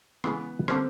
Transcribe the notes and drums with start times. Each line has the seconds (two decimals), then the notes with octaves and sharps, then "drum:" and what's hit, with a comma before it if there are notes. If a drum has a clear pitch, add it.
0.24 C#3 E3 G#3 B3, drum: rim click
0.68 D3 G3 A#3 C4 C#4, drum: rim click